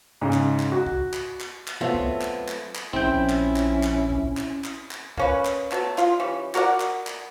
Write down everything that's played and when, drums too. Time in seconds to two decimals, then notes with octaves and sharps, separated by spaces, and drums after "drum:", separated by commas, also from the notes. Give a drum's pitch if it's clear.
0.21 G#2 C#3
0.33 drum: clap
0.60 drum: clap
0.72 F#4
0.86 drum: kick
1.13 drum: clap
1.40 drum: clap
1.67 drum: clap
1.81 F#3 A3 B3 C4 F4
1.94 drum: kick
2.21 drum: clap
2.48 drum: clap
2.75 drum: clap
2.93 A#1 C4 C#4 E4 G5
3.02 drum: kick
3.29 drum: clap
3.56 drum: clap
3.83 drum: clap
4.10 drum: kick
4.37 drum: clap
4.64 drum: clap
4.91 drum: clap
5.17 A#3 C#4 B4, drum: kick
5.45 drum: clap
5.72 F#3 A3 B3, drum: clap
5.98 F4, drum: clap
6.20 E3 G3 C#4
6.55 F#4 A#4 D5 F#5, drum: clap
6.80 drum: clap
7.07 drum: clap